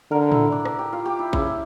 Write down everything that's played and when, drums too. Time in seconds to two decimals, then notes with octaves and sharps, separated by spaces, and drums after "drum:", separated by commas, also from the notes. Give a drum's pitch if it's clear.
0.11 D3 A#4
0.32 E4, drum: tom A2
0.52 D4
0.65 D4, drum: rim click
0.79 G4
0.93 F4
1.05 G4
1.19 E4
1.33 C#3 E4, drum: kick